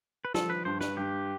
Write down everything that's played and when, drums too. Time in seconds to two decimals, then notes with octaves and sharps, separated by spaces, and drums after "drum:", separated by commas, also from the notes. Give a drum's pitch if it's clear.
0.25 B4
0.34 F3 A4, drum: snare
0.50 B4
0.65 G2 C5
0.81 B4, drum: snare
0.97 G2 G4